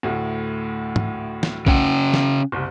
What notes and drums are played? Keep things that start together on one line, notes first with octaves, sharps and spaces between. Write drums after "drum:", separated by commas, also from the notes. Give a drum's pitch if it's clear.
D2 A2
drum: tom G#2
drum: snare
C#3 C#4 F#5 G5, drum: kick
drum: snare
F#1 C2